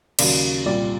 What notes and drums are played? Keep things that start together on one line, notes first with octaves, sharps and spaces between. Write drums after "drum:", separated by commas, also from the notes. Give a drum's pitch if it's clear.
D#2 C#3 F#3 D5, drum: cymbal
C2 A#2 G3 D5